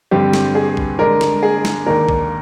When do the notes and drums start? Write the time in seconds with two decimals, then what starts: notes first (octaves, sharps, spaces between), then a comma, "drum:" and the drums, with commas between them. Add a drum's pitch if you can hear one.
0.11 G2 D3 G3 C4 G4
0.33 drum: snare
0.55 G#4
0.77 drum: kick A#1
0.99 D3 G#3 D4 A#4
1.21 drum: snare
1.43 G#4
1.65 drum: snare
1.86 D#2 D#3 A#3 D4 A#4
2.09 drum: kick A#1